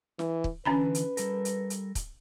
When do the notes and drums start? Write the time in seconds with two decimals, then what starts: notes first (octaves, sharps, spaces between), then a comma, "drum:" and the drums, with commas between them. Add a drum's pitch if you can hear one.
0.19 E3, drum: snare
0.44 drum: kick
0.65 D3 E3 C#4 B4 A#5 B5
0.95 drum: hi-hat
1.17 G3 A4 A#4, drum: hi-hat
1.45 drum: hi-hat
1.70 drum: hi-hat
1.95 drum: kick, hi-hat